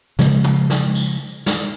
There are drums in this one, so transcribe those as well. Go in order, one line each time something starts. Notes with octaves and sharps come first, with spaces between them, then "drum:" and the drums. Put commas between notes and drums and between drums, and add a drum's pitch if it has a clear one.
C#3 F3 G#3, drum: snare
drum: tom
drum: snare
drum: tambourine
drum: snare